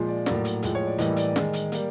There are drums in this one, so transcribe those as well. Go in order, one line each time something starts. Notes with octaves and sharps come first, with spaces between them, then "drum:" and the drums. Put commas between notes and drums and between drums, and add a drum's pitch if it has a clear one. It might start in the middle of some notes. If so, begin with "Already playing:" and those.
Already playing: A#2 F3 G#3
D5
A2 F#3 A#3 D5, drum: snare
drum: hi-hat
A2 F3 G#3, drum: hi-hat
C#5
D5
A2 E3 G3 A#3 D#5, drum: hi-hat
D5, drum: hi-hat
D#3 G#3, drum: snare
drum: hi-hat
G3 A#3, drum: hi-hat